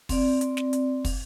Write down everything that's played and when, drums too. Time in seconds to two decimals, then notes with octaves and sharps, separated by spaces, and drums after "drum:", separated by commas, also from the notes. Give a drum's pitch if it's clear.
0.09 C4 D5, drum: kick, open hi-hat
0.41 drum: hi-hat
0.57 drum: snare
0.73 drum: hi-hat
1.05 drum: kick, open hi-hat